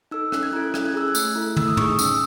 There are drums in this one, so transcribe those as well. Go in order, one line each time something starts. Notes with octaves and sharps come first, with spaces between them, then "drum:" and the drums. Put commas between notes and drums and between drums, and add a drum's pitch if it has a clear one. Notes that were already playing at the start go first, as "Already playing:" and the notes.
D#4 A4 E6
C#4 F#6, drum: rim click
G#6
E4 A4 F#6
C#4 G#6, drum: rim click
F#6
G#4 E6
F#6
A3, drum: tambourine
E4 A4
A3 E6, drum: tom
D#6
D#4 G#4 C#6, drum: tom
D#6
C#4 E6, drum: tambourine